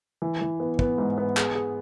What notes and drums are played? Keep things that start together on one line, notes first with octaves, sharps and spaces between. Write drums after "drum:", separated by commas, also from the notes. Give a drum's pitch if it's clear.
E3
E3
B3
B3, drum: kick
G#2
B3
G#4, drum: clap
G#4